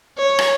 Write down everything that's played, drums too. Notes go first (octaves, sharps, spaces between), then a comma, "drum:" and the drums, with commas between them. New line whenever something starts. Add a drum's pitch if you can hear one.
C#5
drum: rim click